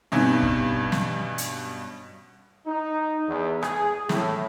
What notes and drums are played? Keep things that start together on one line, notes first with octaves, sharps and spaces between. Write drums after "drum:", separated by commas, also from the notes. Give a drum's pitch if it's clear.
G2 B2 C4 C#4 D#4
drum: kick
drum: snare
drum: hi-hat
D#4
E2
G#4, drum: rim click
A2, drum: snare